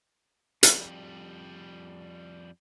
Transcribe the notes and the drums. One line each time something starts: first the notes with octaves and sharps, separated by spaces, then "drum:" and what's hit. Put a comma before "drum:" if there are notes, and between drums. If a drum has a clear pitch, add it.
F2 G3, drum: hi-hat